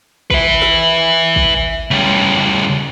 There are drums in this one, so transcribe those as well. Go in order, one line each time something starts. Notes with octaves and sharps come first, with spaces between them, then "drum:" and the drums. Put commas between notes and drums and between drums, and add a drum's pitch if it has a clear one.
B4 E5, drum: kick
drum: snare
drum: kick
C#3 G3